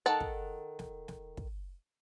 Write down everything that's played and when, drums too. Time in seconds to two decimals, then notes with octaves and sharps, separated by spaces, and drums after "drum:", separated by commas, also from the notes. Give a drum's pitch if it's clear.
0.06 D#3 A4 F#5 A5
0.20 drum: kick
0.79 drum: snare
1.08 drum: snare
1.37 drum: kick